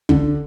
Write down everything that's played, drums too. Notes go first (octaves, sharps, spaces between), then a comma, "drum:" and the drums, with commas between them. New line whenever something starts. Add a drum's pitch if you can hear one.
D3, drum: kick